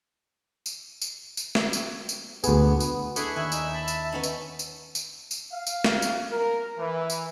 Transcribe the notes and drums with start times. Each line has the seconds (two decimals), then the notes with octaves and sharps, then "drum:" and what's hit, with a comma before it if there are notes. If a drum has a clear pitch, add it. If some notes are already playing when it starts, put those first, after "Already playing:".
0.66 drum: tambourine
1.02 drum: tambourine
1.37 drum: tambourine
1.55 drum: snare
1.73 drum: tambourine
2.09 drum: tambourine
2.44 D2 B3 G#4, drum: tambourine
2.80 drum: tambourine
3.16 D4 E4 G#4 A4 B5 C#6 F#6, drum: tambourine
3.36 D#2 E5 G#5
3.52 D#4, drum: tambourine
3.74 A5 B5
3.88 drum: tambourine
4.12 B3 C#4 D#4
4.23 drum: tambourine
4.59 drum: tambourine
4.95 drum: tambourine
5.31 drum: tambourine
5.53 F5
5.67 drum: tambourine
5.84 drum: snare
6.02 drum: tambourine
6.31 A#4
6.79 E3
7.10 drum: tambourine